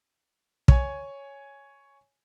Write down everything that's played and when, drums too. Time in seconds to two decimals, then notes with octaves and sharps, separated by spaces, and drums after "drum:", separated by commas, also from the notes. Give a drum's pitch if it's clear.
0.68 C#5 G#5, drum: kick